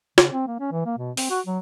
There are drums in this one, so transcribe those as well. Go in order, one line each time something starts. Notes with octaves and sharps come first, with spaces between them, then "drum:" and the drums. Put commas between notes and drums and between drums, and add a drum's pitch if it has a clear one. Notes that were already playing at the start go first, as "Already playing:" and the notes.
C#3, drum: snare
C4
A#3
C#4
E3
A#3
B2
C4, drum: open hi-hat
F#4
F#3